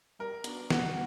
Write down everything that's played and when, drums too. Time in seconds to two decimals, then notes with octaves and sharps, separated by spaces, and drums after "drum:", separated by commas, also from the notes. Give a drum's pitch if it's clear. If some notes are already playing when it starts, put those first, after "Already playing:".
0.19 G3 A#4
0.44 B3 D4 F#4, drum: hi-hat
0.70 G3 F#4, drum: snare